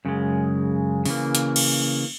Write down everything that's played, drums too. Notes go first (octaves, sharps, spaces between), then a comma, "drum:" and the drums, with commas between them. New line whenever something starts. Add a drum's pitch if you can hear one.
F#2 C#3 G#3
C#3 E3 A#3, drum: open hi-hat
drum: hi-hat
drum: cymbal